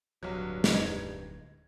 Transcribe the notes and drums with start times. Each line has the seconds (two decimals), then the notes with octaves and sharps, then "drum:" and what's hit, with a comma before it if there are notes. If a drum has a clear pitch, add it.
0.23 D1 B1 G2 F#3
0.64 drum: snare
0.74 D#4 G#6